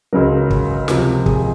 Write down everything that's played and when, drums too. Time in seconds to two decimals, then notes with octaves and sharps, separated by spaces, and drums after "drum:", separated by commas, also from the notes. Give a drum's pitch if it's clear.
0.13 C#2 C#3 F#3 A#4
0.50 drum: kick
0.88 C#2 C3 F3 A#4, drum: snare
1.26 G#4, drum: kick